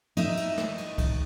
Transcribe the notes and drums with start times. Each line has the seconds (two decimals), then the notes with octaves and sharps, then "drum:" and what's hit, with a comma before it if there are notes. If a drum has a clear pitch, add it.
0.17 D#4 E5, drum: cymbal
0.37 drum: cymbal
0.58 drum: snare
0.78 drum: cymbal
0.98 drum: kick C2, cymbal